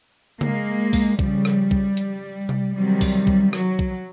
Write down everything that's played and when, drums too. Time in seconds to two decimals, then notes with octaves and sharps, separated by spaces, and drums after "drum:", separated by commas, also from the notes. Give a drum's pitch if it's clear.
0.41 G#3 A#3, drum: tom C#3
0.93 drum: kick B1, open hi-hat
1.19 C#3 F3 G3, drum: kick B1
1.45 drum: rim click
1.71 drum: kick B1
1.97 drum: hi-hat
2.49 drum: tom C3
2.75 C3 D#3 F#3 G3
3.01 drum: kick B1, open hi-hat
3.27 drum: kick B1
3.53 F#3, drum: rim click
3.79 drum: kick B1